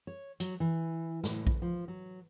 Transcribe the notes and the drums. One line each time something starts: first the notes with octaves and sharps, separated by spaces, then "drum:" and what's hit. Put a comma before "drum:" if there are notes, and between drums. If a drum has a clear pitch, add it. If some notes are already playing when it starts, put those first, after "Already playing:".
C#5
F#3, drum: hi-hat
E3
A2, drum: snare
drum: kick A#1
F3
F#3